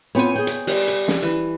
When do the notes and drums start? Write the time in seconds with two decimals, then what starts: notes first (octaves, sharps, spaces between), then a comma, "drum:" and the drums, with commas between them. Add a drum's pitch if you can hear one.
0.15 B3 C4 F4 C#5 G#5
0.36 G#4 G5
0.47 drum: hi-hat
0.67 G3, drum: open hi-hat
0.88 drum: hi-hat
1.08 drum: snare
1.23 E3